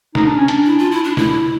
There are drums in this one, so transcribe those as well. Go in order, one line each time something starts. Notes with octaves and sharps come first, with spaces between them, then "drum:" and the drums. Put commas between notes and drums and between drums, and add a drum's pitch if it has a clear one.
D#4, drum: snare
D4
C#4
D4, drum: hi-hat
E4
F4
E4
D4
E4, drum: snare